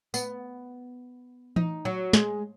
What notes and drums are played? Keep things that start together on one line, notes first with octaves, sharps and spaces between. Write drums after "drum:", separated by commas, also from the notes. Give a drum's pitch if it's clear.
B3, drum: tambourine
D#4, drum: tom E3
F#3
G#3, drum: snare